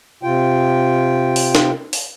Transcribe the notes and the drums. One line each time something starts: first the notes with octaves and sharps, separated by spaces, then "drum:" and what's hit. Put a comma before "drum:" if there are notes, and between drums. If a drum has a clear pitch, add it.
C3 F4 G5
drum: open hi-hat
drum: snare
drum: open hi-hat